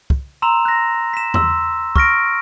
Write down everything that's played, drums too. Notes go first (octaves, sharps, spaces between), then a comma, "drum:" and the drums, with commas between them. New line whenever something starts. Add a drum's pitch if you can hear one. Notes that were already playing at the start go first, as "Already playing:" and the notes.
drum: kick
A#5 C6 E6 E7 F7
F#6 A#6
B6 E7
C6 E6, drum: tom E2
C#6 F6 A#6 D7, drum: kick